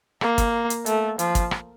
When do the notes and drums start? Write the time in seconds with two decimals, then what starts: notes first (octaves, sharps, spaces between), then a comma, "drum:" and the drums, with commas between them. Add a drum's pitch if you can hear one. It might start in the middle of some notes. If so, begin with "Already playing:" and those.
0.21 A#3, drum: rim click
0.38 drum: kick, hi-hat
0.70 drum: hi-hat
0.86 A3, drum: hi-hat
1.19 F3, drum: hi-hat
1.35 drum: kick, hi-hat
1.51 drum: rim click